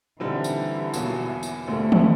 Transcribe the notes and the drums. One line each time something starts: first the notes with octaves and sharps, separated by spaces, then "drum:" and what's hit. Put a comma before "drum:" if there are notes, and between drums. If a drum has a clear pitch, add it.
D3 E3 G3 C4 D#4
drum: tambourine
E2 B2 F#3 A#3, drum: tambourine
drum: tambourine
D#2 D3 G3 A3 C4
drum: tom D#3